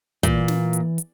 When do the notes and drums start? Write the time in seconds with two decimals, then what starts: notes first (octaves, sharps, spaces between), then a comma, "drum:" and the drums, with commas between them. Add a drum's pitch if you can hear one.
0.23 A#2 E3, drum: kick, hi-hat
0.48 drum: snare
0.73 drum: hi-hat
0.98 drum: hi-hat